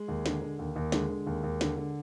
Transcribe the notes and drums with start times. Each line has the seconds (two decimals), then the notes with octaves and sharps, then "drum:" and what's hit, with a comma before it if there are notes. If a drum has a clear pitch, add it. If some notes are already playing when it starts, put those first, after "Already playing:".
Already playing: G#3
0.08 D#2
0.26 D3, drum: snare
0.42 D3
0.59 D#2
0.76 D#2
0.92 D3 G#3, drum: snare
1.10 D3
1.26 D#2
1.43 D#2
1.61 D3, drum: snare
1.77 D3